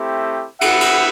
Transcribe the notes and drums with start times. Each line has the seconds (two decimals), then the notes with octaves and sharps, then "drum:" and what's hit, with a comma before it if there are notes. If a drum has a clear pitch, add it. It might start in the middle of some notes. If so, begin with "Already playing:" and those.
Already playing: A3 C4 E4 G4
0.61 B3 E4 G4 E5 F#5, drum: cymbal
0.81 drum: cymbal